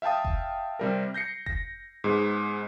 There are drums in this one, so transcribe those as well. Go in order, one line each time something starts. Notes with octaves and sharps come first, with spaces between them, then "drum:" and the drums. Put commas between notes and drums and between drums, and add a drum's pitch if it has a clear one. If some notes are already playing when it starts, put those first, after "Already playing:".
E5 F5 G5 A5 D#6
drum: kick F1
C3 G3 A#4
G6 A#6 C7 C#7
A#6, drum: kick F1
G#2 G#3 B3